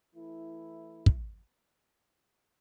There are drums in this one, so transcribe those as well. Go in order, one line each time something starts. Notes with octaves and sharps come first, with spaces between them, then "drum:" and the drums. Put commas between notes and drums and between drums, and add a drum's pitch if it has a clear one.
E3 A3 E4
drum: kick